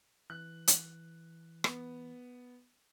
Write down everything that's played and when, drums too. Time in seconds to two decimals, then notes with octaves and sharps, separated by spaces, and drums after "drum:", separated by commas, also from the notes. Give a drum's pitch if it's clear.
0.30 E3 F#6
0.68 drum: hi-hat
1.64 B3, drum: rim click